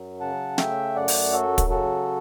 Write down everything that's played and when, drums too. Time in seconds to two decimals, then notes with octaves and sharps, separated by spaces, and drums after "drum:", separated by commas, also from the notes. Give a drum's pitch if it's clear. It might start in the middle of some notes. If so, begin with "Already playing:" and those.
Already playing: F#2 F#3
0.20 C#3 F#5 A5
0.58 A3 E5 G5, drum: snare
0.95 F#2 D5 F#5
1.08 drum: open hi-hat
1.33 F#3 F#4 A4
1.58 drum: kick, hi-hat
1.70 C#3 F#4 A4